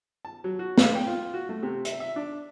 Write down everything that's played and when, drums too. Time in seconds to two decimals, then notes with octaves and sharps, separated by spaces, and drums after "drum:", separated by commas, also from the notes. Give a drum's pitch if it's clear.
0.25 A5
0.44 F#3
0.59 F#4
0.78 A2, drum: snare
0.95 G5
1.07 F4
1.34 F#4
1.49 A3
1.63 C3
1.85 E5, drum: hi-hat
2.00 E5
2.16 D4